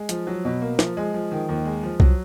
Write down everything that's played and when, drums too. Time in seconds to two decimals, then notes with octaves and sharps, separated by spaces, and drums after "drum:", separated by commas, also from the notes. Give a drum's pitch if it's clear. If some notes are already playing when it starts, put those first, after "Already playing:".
Already playing: G#3
0.09 F3, drum: hi-hat
0.27 F#3
0.45 B2
0.62 A#3
0.79 F3, drum: snare
0.97 G#3
1.14 F3
1.32 D#3
1.49 D#2
1.65 G#3
1.83 F3
2.00 F#3, drum: kick C2